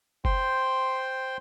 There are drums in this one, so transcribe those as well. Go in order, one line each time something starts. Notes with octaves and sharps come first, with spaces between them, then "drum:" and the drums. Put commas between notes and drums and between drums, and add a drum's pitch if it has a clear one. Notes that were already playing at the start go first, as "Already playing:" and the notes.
C5 G5 C6, drum: kick F#1